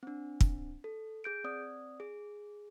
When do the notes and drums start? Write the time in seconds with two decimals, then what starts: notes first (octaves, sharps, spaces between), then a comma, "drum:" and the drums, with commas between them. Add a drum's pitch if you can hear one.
0.03 C4 D4
0.41 drum: kick
0.84 A4
1.24 G#4 G6 D7
1.44 C4 D5 D#6
2.00 G#4